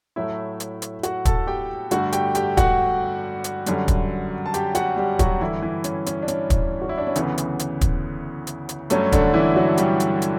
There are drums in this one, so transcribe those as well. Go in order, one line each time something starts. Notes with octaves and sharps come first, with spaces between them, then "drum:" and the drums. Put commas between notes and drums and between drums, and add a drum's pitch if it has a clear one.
A2 F#3 A3 E4 E5
drum: hi-hat
drum: hi-hat
F#4 F#5, drum: hi-hat
A4 A5, drum: kick, hi-hat
G4 G5
G2 D3 A3 F#4 F#5, drum: hi-hat
G4 G5, drum: hi-hat
G4 G5, drum: hi-hat
F#4 F#5, drum: kick, hi-hat
drum: hi-hat
F#2 D3 G3, drum: hi-hat
drum: kick, hi-hat
A5
G4 G5, drum: hi-hat
F#4 F#5, drum: hi-hat
G3 G4
F#3 F#4, drum: kick, hi-hat
G2 D3 E3 G3 E4
E3 E4
C#4, drum: hi-hat
C#4, drum: hi-hat
D4
C#4, drum: hi-hat
drum: kick, hi-hat
F#4
E4
D4
C#4
D2 C#3 E3 B3, drum: hi-hat
drum: hi-hat
drum: hi-hat
drum: kick, hi-hat
drum: hi-hat
drum: hi-hat
G2 F#3 A3 C#4, drum: hi-hat
D3 D4, drum: kick, hi-hat
E3 E4
F#3 F#4
G3 G4, drum: hi-hat
drum: hi-hat
drum: hi-hat